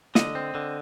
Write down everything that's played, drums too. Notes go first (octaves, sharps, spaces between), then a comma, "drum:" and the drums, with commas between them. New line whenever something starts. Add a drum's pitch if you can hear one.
D3 D#5, drum: snare
C4
D3